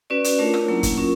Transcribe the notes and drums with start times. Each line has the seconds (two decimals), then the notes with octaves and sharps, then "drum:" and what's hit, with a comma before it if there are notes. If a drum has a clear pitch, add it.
0.10 C#4 F#4 B4 D5
0.24 drum: hi-hat
0.39 A3 D4 F4 A#4 C#5
0.54 drum: rim click
0.68 F#3 A#3 C#4 E4
0.83 drum: kick G1, hi-hat
0.98 C#4 F4 A#4